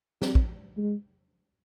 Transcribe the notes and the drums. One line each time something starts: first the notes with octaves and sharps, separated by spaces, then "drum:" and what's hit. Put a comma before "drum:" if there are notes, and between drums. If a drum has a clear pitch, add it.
C4, drum: snare
drum: kick
G#3